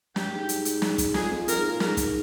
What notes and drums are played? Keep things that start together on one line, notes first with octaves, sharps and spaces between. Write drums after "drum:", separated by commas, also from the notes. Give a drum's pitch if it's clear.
G2 G4, drum: snare
G#2
drum: hi-hat
drum: hi-hat
drum: snare
drum: kick, hi-hat
F2 G#4, drum: snare
F2
F2 A#4, drum: hi-hat
G#2
A#2
G#2 A#4, drum: snare
drum: kick, hi-hat